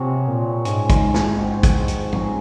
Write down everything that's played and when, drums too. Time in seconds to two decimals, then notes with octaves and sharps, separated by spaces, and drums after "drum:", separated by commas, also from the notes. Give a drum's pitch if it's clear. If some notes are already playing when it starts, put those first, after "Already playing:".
Already playing: C3 F3 A#3 C4 F#4 G#4 C#5
0.27 A#2
0.65 G#2 A#3 C#4 G#4 C5, drum: hi-hat
0.90 drum: kick, hi-hat
1.14 drum: snare
1.38 F3 C4 F#4 C5
1.63 drum: kick, hi-hat
1.88 drum: hi-hat
2.12 F#3 C#4 F#4, drum: tom